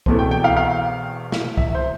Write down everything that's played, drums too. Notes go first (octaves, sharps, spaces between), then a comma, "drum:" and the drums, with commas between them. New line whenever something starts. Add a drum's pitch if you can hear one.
E2 B2 A3 C4, drum: kick C2
G5
G5
F5
F5
drum: snare
E5, drum: kick C2
C5